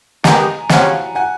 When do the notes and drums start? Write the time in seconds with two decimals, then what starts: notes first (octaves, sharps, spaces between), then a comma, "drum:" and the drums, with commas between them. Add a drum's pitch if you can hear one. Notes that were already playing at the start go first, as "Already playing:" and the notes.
0.24 D#3 G#3 B3 D#4 G4 G#5 A#5, drum: snare
0.69 C3 F3 G#3 C#4 F#5 G#5, drum: snare
1.15 F#5 G#5